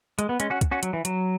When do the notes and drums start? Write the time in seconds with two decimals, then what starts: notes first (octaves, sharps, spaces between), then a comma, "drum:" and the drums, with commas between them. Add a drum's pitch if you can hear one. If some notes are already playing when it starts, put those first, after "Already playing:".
0.19 G#3, drum: hi-hat
0.29 B3
0.40 G#3 C#4, drum: hi-hat
0.50 C#4 F#4
0.61 drum: kick, hi-hat
0.71 C#4 F#4
0.83 F#3, drum: hi-hat
0.93 E3
1.05 F#3, drum: hi-hat